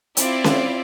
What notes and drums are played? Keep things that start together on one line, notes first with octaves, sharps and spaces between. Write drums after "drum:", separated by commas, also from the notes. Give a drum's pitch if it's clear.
C4 E4 F4 D5, drum: hi-hat
drum: snare C#4